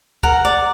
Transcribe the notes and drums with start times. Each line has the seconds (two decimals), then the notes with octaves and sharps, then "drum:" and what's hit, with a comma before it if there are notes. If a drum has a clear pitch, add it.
0.23 A#4 F#5, drum: kick
0.45 D5